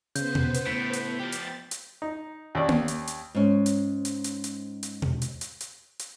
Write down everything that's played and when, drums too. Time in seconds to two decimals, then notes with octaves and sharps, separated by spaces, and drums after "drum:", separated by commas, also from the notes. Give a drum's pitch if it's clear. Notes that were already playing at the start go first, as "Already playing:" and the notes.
0.15 C#3 B3 B4 C5 G6, drum: hi-hat
0.35 drum: tom B2
0.54 drum: hi-hat
0.66 A2 B6
0.93 drum: hi-hat
1.20 F3 G4 A6
1.32 drum: hi-hat
1.71 drum: hi-hat
2.02 D#4
2.55 D#2 C#4 D5
2.69 drum: tom A#3
2.88 drum: hi-hat
3.07 drum: hi-hat
3.35 G#2 C#4
3.66 drum: hi-hat
4.05 drum: hi-hat
4.24 drum: hi-hat
4.44 drum: hi-hat
4.83 drum: hi-hat
5.02 drum: tom B2
5.22 drum: hi-hat
5.41 drum: hi-hat
5.61 drum: hi-hat
5.99 drum: hi-hat